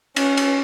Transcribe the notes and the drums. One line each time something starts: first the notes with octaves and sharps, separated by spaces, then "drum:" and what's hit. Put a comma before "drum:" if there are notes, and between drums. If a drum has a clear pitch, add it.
C#4, drum: cymbal
drum: cymbal